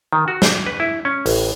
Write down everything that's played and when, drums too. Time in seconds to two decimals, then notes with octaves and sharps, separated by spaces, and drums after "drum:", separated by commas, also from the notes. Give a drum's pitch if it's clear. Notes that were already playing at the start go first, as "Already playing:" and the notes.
0.13 D#3
0.28 F#4
0.42 drum: snare
0.66 B4
0.80 E4
1.05 C#4
1.26 A1, drum: open hi-hat